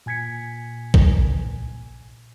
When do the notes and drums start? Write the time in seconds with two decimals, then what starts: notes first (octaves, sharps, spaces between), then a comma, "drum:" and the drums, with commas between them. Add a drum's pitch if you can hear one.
0.06 A#2 G#5 G#6 B6 C#7
0.94 drum: kick